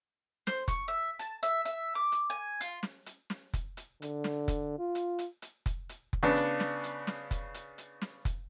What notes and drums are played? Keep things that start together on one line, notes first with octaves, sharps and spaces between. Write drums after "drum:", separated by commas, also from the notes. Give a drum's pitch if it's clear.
C5, drum: snare
C#6, drum: kick F1, hi-hat
E5
A5, drum: hi-hat
E5, drum: hi-hat
E5, drum: hi-hat
D6
drum: hi-hat
G#5
F4, drum: hi-hat
drum: snare
drum: hi-hat
drum: snare
drum: kick F1, hi-hat
drum: hi-hat
D3, drum: hi-hat
drum: snare
drum: kick F1, hi-hat
F4
drum: hi-hat
drum: hi-hat
drum: hi-hat
drum: kick F1, hi-hat
drum: hi-hat
drum: kick F1
C#3 B3 D4
drum: hi-hat
drum: snare
drum: hi-hat
drum: snare
drum: kick F1, hi-hat
drum: hi-hat
drum: hi-hat
drum: snare
drum: kick F1, hi-hat